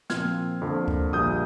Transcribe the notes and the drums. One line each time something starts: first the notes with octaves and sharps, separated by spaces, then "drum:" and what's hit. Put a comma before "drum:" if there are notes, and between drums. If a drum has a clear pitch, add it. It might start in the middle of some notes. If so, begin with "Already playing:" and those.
A#2 F3 C4 F4 F6 G#6, drum: snare
F2 D3 F3 A#3
drum: kick D2
A#1 A#2 G3 D#6 G6